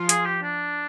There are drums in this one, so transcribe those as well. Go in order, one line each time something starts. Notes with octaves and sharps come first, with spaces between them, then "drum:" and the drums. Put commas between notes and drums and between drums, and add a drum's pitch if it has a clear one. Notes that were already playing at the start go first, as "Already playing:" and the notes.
Already playing: F3 F4
G#4, drum: hi-hat
G4
D4